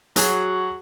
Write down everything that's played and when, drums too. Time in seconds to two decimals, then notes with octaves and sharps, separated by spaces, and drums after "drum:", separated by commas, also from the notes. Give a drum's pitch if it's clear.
0.16 F#3 F#4 G#4, drum: hi-hat